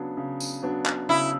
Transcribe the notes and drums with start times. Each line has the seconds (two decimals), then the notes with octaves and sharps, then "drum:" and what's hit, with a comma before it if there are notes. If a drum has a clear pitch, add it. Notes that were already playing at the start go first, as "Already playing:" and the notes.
Already playing: C#3 F#3 B3 D4
0.17 C#3
0.40 drum: tambourine
0.63 F#3 B3 D4
0.86 drum: clap
1.09 C#3 E4